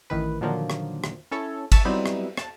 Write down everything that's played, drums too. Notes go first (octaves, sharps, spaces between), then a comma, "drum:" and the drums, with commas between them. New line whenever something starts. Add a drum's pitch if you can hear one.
A1 A2 D#3 E3 B4
A#2 D3 D#3 F3 F#3 A#3
drum: rim click
drum: rim click
C#4 E4 A4 C#5
E5 A5 C#6 E6, drum: kick, cymbal
F#3 G3 B3 C4 D#4 E4
drum: rim click
A5, drum: rim click